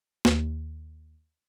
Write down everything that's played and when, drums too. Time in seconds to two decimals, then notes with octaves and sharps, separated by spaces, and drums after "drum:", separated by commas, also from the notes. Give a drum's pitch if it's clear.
0.25 D#2, drum: snare